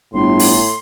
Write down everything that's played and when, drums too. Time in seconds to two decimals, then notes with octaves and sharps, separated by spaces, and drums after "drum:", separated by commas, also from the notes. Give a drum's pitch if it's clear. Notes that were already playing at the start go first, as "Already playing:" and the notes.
0.14 G1 A2 C6
0.39 drum: open hi-hat